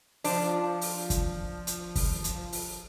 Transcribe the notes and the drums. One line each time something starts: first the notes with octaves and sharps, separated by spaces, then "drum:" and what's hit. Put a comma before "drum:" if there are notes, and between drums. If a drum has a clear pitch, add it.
F3 D4, drum: open hi-hat
drum: open hi-hat
drum: kick, hi-hat
drum: hi-hat
drum: kick, open hi-hat
drum: hi-hat
drum: open hi-hat